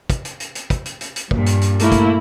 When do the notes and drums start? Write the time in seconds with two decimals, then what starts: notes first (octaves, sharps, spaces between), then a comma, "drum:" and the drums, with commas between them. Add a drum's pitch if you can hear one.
0.10 drum: kick, hi-hat
0.25 drum: hi-hat
0.40 drum: hi-hat
0.55 drum: hi-hat
0.70 drum: kick, hi-hat
0.85 drum: hi-hat
1.01 drum: hi-hat
1.16 drum: hi-hat
1.31 G2 A#2, drum: kick
1.46 drum: hi-hat
1.61 drum: hi-hat
1.79 A3 A#3 E4, drum: hi-hat
1.92 drum: kick, hi-hat